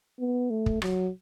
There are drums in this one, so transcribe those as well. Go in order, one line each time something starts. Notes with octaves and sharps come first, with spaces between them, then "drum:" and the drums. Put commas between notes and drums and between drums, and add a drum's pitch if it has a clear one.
B3
A3
drum: kick
F#3, drum: rim click